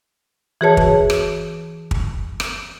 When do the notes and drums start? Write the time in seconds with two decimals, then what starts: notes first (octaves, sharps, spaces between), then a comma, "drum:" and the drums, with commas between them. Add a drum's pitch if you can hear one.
0.61 E3 F#4 G#4 B4 C#5 A5
0.77 drum: kick
1.10 drum: rim click
1.91 drum: kick
2.40 drum: rim click